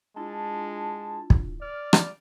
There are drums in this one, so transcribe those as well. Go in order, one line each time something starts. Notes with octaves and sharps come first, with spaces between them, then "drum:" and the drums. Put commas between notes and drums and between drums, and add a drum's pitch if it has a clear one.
G#3 D4 E4 F4 A5
drum: kick
D5 F6
drum: rim click